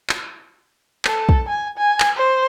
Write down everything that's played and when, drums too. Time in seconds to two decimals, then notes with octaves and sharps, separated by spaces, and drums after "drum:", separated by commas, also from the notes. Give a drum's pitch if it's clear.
0.09 drum: clap
1.05 A4, drum: clap
1.29 drum: kick
1.49 G#5
1.78 G#5
2.00 drum: clap
2.16 C5